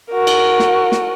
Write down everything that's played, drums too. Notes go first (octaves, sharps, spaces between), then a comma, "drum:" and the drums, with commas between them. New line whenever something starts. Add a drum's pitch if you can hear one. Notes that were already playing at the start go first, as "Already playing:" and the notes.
F#4 A#4
drum: cymbal
drum: snare
drum: snare